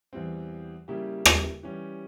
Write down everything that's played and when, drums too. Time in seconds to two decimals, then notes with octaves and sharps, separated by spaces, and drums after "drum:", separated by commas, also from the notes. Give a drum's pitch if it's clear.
0.13 E2 E3 G3 C4
0.88 C#3 G3 A#3 E4 G4
1.25 drum: rim click
1.63 E3 G3 C#4 G4